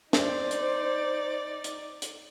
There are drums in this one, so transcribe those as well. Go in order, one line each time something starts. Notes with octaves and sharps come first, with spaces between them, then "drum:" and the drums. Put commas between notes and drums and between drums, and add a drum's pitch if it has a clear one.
D#4 C5 D5, drum: snare
drum: hi-hat
drum: hi-hat
drum: hi-hat